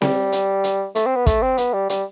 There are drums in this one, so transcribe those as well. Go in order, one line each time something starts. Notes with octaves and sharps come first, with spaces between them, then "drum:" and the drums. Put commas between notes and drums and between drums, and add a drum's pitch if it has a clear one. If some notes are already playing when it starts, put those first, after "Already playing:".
G3, drum: snare C4
drum: hi-hat
drum: hi-hat
A3, drum: hi-hat
C4
B3
A3, drum: kick, hi-hat
C4
B3, drum: hi-hat
G3
G3, drum: hi-hat